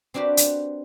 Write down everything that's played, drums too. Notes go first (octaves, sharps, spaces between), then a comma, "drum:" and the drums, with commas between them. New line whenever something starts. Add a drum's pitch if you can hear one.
C4 D4 F#4 G4 B4
drum: hi-hat